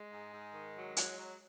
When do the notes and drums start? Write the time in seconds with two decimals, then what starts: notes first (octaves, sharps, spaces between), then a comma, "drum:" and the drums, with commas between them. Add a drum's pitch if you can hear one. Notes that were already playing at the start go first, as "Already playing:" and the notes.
Already playing: G#3
0.11 G#2
0.32 G#2
0.54 D#3
0.75 F#3
0.97 F#3, drum: hi-hat
1.17 F#3